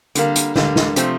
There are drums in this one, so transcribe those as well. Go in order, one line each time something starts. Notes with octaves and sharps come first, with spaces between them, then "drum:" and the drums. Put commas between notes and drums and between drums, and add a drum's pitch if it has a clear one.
D3 G3 A#3, drum: hi-hat
drum: hi-hat
D3 G3 A#3, drum: snare
drum: snare
C3 F3 A3 C4, drum: hi-hat